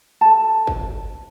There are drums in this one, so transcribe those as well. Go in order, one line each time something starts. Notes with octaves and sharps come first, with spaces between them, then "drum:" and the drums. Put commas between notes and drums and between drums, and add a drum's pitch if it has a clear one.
A4 A5
drum: kick